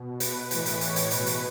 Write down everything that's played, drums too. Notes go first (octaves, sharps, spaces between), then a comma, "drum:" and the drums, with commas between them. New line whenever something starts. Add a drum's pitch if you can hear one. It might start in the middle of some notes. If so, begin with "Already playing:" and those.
Already playing: B2
B4, drum: hi-hat
A2 E3 B4, drum: hi-hat
drum: hi-hat
C#5, drum: hi-hat
drum: hi-hat
B2 B4, drum: hi-hat
drum: hi-hat